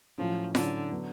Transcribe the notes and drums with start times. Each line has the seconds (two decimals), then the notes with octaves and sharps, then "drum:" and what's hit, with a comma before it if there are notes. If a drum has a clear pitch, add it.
0.18 A2 F3 F#3 C#4
0.55 A2 D3 F#3 C#4, drum: snare F4
0.91 F#3 B3 D4